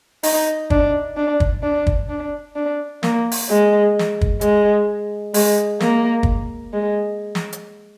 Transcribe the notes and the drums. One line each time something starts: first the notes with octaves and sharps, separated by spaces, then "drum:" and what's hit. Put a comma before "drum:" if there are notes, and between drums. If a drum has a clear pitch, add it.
D#4, drum: open hi-hat
D4, drum: kick
D4
drum: kick
D4
drum: kick
D4
D4
A#3, drum: snare
drum: open hi-hat
G#3
drum: snare
drum: kick
G#3, drum: hi-hat
G#3, drum: open hi-hat
A#3, drum: snare
drum: kick
G#3
drum: snare
drum: hi-hat